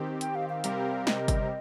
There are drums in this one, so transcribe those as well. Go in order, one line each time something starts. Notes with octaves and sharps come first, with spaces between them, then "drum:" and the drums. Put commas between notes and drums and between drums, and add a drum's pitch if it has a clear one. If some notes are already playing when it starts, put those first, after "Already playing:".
Already playing: D#3 C4 G4
G5, drum: hi-hat
F5
F5
C3 G3 C4 G4 A#4, drum: hi-hat
D#5, drum: snare
drum: kick, hi-hat